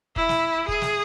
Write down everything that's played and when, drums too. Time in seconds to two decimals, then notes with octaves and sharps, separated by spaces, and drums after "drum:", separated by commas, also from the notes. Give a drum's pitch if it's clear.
0.16 E4, drum: kick
0.29 drum: snare
0.68 G#4, drum: kick
0.82 drum: snare